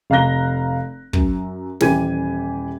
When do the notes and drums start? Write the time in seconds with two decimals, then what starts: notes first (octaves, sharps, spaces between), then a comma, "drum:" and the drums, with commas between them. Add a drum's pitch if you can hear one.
0.10 F1 F5 A#5 F#6 A#6 G7
1.13 F#2, drum: kick
1.80 D#1 E3 G4 G#5 G#6 D#7, drum: snare